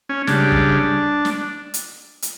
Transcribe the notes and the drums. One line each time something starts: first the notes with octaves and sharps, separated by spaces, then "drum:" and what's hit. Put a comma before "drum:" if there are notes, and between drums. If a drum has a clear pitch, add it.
C#4
C#3 G3 D4, drum: snare
drum: kick
drum: snare
drum: hi-hat
drum: hi-hat